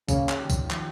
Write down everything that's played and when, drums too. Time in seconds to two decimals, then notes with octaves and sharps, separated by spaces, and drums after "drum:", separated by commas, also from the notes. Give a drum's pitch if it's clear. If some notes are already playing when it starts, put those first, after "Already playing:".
0.09 C#3 A#3 C#4, drum: kick, tambourine
0.29 drum: clap
0.40 D#3 G3
0.50 drum: kick, tambourine
0.64 F3
0.71 D#3 G3, drum: clap